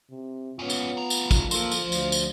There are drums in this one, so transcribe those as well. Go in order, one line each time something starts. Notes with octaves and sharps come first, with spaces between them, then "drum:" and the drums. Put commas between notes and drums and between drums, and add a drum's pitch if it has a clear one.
C3
G#2 B3 C#4 F4
drum: tambourine
A3 A#5
drum: tambourine
drum: kick, tambourine
A#3 A4 A#4 C5 F5, drum: tambourine
drum: tambourine
D2 F3
drum: tambourine
drum: tambourine